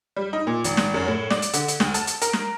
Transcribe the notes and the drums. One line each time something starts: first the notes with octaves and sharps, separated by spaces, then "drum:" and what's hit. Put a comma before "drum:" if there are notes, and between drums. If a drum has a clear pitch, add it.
G3
D#4
A#2
G#1, drum: hi-hat
drum: snare
F#2
A2
D5, drum: snare
drum: hi-hat
D3, drum: hi-hat
drum: hi-hat
D2, drum: snare
A5, drum: hi-hat
drum: hi-hat
A#4, drum: hi-hat
drum: snare